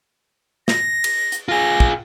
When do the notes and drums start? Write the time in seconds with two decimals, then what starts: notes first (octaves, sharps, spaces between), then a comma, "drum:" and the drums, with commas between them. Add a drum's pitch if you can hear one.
0.68 A#6, drum: snare
1.04 drum: cymbal
1.32 drum: hi-hat
1.48 F4 G#4 A#6
1.80 drum: kick